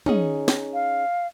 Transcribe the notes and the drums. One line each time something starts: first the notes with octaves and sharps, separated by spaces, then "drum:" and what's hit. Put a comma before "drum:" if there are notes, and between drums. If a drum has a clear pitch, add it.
C#4 D#4 G#4, drum: tom
drum: snare
F5